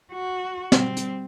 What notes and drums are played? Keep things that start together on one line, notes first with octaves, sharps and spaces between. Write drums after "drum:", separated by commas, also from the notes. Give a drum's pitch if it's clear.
F#4
G3 C4, drum: snare
drum: hi-hat